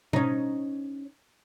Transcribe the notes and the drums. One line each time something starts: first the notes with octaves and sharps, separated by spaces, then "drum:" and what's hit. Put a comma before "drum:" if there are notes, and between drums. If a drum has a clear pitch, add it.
C#4 D#4, drum: tom B2